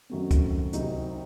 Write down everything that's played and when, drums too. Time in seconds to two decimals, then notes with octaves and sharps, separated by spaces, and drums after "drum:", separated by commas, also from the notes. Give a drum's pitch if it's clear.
0.10 F#2 D#3 F#3 A3 C4
0.31 drum: kick C#2, hi-hat
0.73 C2 C3 F#3 C4 D#4, drum: hi-hat